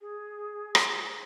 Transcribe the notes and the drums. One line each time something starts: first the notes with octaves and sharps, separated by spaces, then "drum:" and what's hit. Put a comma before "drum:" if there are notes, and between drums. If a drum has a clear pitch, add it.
G#4
drum: rim click